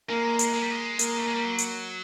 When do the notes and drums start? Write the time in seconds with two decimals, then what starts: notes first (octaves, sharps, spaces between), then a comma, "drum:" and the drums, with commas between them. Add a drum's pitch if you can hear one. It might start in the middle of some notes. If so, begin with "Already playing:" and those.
0.09 G#3 A#3
0.39 drum: hi-hat
0.54 G#3
0.63 G3
0.70 G#3
0.99 A#3, drum: hi-hat
1.18 A3
1.27 G#3
1.35 G3
1.44 F#3
1.58 drum: hi-hat